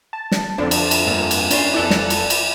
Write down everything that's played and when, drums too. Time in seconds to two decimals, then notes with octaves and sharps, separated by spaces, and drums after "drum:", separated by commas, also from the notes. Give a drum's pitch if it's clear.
0.13 A5
0.31 drum: snare
0.58 F2 D3 F3 D4
0.71 drum: cymbal
0.91 drum: cymbal
1.07 G2 A#3
1.31 drum: cymbal
1.51 C#4 D4 C6, drum: cymbal
1.74 F2 E4 A4 D5 F#6
1.90 drum: snare
2.10 drum: cymbal
2.30 drum: cymbal